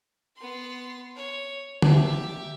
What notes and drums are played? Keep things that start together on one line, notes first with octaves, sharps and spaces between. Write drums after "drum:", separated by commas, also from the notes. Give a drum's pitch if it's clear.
B3 C6
C#5
G4 E5, drum: tom D3